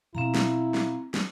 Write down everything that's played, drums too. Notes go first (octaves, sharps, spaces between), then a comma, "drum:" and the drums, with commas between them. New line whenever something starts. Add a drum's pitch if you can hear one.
B2 F3 C4 E4 F5 A#5
drum: snare
drum: snare
drum: snare